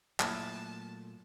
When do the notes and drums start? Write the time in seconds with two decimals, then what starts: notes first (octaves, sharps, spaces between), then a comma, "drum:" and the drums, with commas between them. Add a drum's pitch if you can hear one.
0.20 A#2 F#3 A3 E4 A4 A5, drum: clap